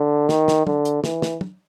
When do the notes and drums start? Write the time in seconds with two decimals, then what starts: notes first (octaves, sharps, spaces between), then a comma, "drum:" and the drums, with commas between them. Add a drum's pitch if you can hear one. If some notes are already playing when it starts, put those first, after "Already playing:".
Already playing: D3
0.29 D#3, drum: snare
0.48 drum: snare
0.67 D3, drum: tom
0.85 drum: hi-hat
1.04 E3, drum: snare
1.22 drum: snare
1.41 drum: tom